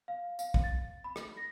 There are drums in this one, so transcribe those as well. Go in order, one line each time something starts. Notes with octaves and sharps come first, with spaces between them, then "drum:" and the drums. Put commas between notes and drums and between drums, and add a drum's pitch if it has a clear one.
F5
F5, drum: tambourine
drum: kick
A6
B5
drum: rim click
A#6